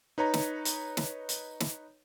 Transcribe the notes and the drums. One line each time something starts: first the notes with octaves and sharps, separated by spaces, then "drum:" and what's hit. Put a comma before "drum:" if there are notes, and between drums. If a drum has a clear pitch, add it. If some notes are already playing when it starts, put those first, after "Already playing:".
D#4 B4 C#5 A#5
drum: snare
drum: hi-hat
drum: snare
drum: hi-hat
drum: snare